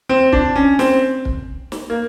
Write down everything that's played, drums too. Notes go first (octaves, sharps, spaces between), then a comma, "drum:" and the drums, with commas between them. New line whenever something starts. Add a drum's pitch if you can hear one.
C4
D4, drum: kick
C#4
C4, drum: snare
drum: kick
drum: snare
A#3